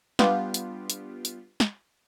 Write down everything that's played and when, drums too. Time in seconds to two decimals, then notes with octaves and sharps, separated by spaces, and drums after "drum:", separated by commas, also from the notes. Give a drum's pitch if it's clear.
0.19 G3 B3 D4 F4 G4, drum: snare
0.54 drum: hi-hat
0.90 drum: hi-hat
1.25 drum: hi-hat
1.60 drum: snare